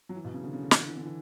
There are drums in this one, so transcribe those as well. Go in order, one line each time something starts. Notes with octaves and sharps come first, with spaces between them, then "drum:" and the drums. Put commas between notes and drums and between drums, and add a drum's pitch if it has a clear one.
F#3
E3
B2
C#3
D3
C#3
D3
E3, drum: snare
D3
E3
D3
E3